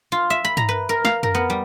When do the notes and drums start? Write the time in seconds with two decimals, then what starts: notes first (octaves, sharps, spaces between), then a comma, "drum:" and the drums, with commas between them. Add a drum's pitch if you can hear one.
0.12 F4
0.30 E5
0.45 B5
0.57 A#5, drum: tom
0.69 B4
0.89 A#4
1.05 F5, drum: snare
1.23 A#4, drum: tom
1.35 B3
1.50 G3